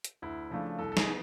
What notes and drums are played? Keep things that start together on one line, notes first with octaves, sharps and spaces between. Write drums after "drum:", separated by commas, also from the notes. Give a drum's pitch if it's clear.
drum: hi-hat
D2 E4
C#3 F3 A3 D4
C2 A4
A4
G#4, drum: snare
B3